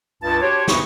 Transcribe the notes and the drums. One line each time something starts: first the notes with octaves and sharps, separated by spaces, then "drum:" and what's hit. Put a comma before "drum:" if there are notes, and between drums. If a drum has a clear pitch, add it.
C#2 G2 A5
D4 F#4 G4 C5 C#5
D2 G2 C3 B3 G#4 C#6, drum: snare